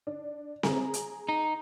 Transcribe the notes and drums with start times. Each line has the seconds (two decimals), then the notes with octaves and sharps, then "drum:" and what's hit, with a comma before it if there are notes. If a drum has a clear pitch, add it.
0.07 D4
0.63 G#4 A#5 F#7, drum: snare C4
0.94 drum: hi-hat
1.29 D#4